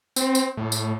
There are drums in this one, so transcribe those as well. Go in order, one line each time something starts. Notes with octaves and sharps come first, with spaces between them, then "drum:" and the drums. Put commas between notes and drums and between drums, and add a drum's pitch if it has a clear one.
C4, drum: tambourine
drum: tambourine
A2
drum: tambourine